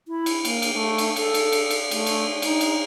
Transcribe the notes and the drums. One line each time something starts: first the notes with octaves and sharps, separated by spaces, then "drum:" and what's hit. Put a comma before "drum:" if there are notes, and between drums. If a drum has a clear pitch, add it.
E4
drum: cymbal
A#3, drum: cymbal
drum: cymbal
A3
drum: cymbal
A4, drum: cymbal
drum: cymbal
drum: cymbal
drum: cymbal
A3, drum: cymbal
drum: cymbal
D#4, drum: cymbal
drum: cymbal